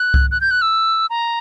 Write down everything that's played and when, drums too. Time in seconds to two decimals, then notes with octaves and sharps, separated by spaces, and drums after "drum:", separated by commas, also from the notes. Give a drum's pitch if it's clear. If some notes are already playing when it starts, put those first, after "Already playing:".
Already playing: F#6
0.14 drum: kick C2
0.31 F#6
0.41 G6
0.51 F#6
0.62 E6
1.10 A#5